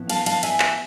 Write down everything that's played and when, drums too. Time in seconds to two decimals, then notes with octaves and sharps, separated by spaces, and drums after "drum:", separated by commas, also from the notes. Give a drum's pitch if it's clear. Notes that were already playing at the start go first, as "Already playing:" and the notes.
Already playing: A2 F3 B3 E4
0.10 F5 A5, drum: cymbal
0.26 F5 A5, drum: cymbal
0.43 E5 G#5, drum: cymbal
0.60 drum: clap